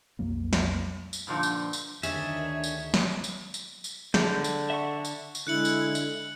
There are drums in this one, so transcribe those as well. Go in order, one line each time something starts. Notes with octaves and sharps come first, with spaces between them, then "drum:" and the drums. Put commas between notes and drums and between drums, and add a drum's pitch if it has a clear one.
B1 F2 F#3 A#3
drum: snare
drum: tambourine
G2 A#2 D3 F3 D#4
drum: tambourine
drum: tambourine
D2 D#3 D4 G#4 C#5 E5, drum: tambourine
drum: tambourine
drum: snare
drum: tambourine
drum: tambourine
drum: tambourine
D3 G#4 A4 D5 G6, drum: snare
drum: tambourine
E5 F#5 C#6
drum: tambourine
drum: tambourine
D3 G#3 E4 F#6 C#7 F#7
drum: tambourine
drum: tambourine